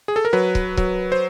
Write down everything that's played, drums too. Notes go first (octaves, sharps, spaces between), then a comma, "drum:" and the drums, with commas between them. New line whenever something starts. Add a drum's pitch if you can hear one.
G#4
A4
A#4
F#3 B4
drum: kick
F#3, drum: kick
C5